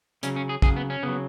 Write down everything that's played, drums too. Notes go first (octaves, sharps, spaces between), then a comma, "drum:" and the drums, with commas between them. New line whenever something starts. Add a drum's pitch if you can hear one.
C#3 F#3 C#4, drum: hi-hat
C#4
G#4
C#3 F#3 G#4, drum: kick
B3
C#4
C#3 F#3 B3